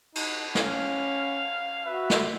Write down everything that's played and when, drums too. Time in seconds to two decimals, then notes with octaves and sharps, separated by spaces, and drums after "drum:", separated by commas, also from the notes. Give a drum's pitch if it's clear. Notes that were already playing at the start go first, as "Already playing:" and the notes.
0.15 D#4, drum: cymbal
0.55 C#4 F5, drum: snare
1.85 F#4 B4 E5
2.10 drum: snare